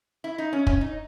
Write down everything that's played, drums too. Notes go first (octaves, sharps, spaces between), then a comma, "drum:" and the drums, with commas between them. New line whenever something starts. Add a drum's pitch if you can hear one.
E4
D#4
C#4
C#4, drum: kick
D#4